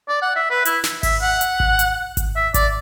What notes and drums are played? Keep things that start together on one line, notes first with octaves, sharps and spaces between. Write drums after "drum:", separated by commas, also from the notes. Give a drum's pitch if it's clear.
D5
F#5
E5
B4
E4, drum: hi-hat
drum: snare
E5, drum: kick G#1, open hi-hat
F#5
drum: hi-hat
drum: kick G#1
drum: hi-hat
drum: kick G#1, hi-hat
E5
D5, drum: kick G#1, hi-hat